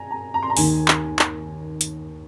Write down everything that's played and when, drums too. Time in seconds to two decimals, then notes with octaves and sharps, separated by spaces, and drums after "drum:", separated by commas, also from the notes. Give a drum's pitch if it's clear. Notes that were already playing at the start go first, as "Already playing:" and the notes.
Already playing: G#5 A#5
0.11 A#5
0.34 A#5
0.42 C6
0.50 A#5
0.57 D#2 D#3 G#5, drum: open hi-hat
0.88 drum: clap
1.19 drum: clap
1.81 drum: hi-hat